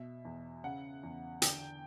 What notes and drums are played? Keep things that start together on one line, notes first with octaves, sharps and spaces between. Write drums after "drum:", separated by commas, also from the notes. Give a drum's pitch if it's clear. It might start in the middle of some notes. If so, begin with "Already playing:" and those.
Already playing: B2 E5
E2
C#3 F#5
E2
D3 G5, drum: hi-hat